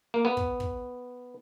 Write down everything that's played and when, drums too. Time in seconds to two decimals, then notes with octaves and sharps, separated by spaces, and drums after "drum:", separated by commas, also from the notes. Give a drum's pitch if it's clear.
0.14 A#3
0.25 B3
0.37 drum: kick
0.60 drum: kick